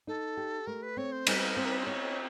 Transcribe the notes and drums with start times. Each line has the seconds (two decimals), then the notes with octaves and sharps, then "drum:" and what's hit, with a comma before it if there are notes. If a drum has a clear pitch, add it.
0.07 D#4 A4
0.37 G4
0.67 A3 A#4
0.83 B4
0.97 C4 C#5
1.12 C5
1.27 G3 B4, drum: cymbal
1.56 C4 C5
1.65 A#4
1.72 B4
1.80 C5
1.87 C4 C#5